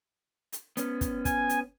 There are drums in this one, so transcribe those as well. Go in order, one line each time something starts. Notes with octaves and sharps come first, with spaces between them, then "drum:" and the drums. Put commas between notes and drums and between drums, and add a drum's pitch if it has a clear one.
drum: hi-hat
B3 C#4, drum: hi-hat
drum: kick, hi-hat
G#5, drum: kick, hi-hat
drum: hi-hat